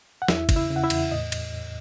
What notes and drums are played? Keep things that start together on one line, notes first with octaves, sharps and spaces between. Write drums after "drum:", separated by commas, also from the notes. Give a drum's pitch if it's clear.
F#5
E2 E4 E5, drum: snare
C#3, drum: kick, cymbal
E4 E5
C#3
F#5
E4 E5
E2, drum: cymbal
A2 D#5
drum: cymbal